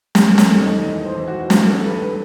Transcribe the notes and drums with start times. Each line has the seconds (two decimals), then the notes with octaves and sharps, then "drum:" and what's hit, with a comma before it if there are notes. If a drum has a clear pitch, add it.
0.15 E1 G4, drum: snare
0.38 A4, drum: snare
0.49 D#3
0.60 D#5
0.83 E3 D#5
1.05 C5
1.16 E3
1.28 F#4
1.50 G2 G4, drum: snare
1.67 A4
1.84 G2 B4
2.00 B4